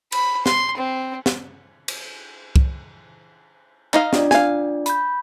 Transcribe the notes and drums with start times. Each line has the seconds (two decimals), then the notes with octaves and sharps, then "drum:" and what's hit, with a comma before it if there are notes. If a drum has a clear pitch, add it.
0.12 B5, drum: cymbal
0.46 C6, drum: snare
0.77 C4
1.26 drum: snare
1.88 drum: cymbal
2.56 drum: kick
3.94 D#4 D#5 F5, drum: clap
4.13 D4 F4 D5, drum: snare
4.31 F5 G#5, drum: snare
4.86 B5 G6, drum: hi-hat